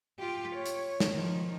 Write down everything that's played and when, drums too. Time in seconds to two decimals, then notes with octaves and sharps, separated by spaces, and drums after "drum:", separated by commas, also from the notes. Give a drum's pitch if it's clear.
0.20 F4 G4
0.56 C#5
0.66 drum: hi-hat
1.00 drum: snare
1.12 D#3 F3